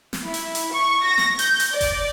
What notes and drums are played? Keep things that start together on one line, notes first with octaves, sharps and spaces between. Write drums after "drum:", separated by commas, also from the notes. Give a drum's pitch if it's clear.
drum: snare
E4
drum: hi-hat
drum: hi-hat
C#6
A#6
drum: snare
G6, drum: hi-hat
drum: hi-hat
D5
drum: kick F#1, hi-hat